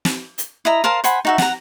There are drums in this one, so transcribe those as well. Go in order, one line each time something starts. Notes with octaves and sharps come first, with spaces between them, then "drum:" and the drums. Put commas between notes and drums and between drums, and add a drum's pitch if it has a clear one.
drum: snare
drum: hi-hat
E4 D#5 A#5
A#4 C5 F5 A5
C5 F#5 G#5 B5, drum: hi-hat
D#4 F#4 E5
F#5 A#5, drum: snare